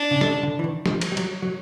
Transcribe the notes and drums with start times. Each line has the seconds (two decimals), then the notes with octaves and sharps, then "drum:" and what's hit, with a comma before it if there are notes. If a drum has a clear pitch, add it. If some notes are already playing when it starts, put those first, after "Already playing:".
Already playing: D4
0.11 C#3
0.21 D3, drum: snare
0.43 D3
0.59 E3
0.64 D#3
0.86 F3, drum: snare
1.01 drum: cymbal
1.12 G3
1.17 F#3, drum: cymbal
1.42 F#3